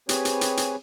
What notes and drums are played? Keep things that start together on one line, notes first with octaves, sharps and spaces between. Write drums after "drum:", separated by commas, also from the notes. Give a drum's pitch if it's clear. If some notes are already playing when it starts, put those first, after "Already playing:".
C4 G4 G#4 B4 C#5 G#5, drum: hi-hat
drum: hi-hat
drum: hi-hat
drum: hi-hat